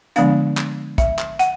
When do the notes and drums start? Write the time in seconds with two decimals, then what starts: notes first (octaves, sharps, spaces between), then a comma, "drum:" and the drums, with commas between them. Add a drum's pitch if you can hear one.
0.16 D3 F3 G#3 B3 D4 F5, drum: hi-hat
0.57 drum: clap
0.98 E5, drum: kick, hi-hat
1.19 drum: clap
1.39 F#5, drum: hi-hat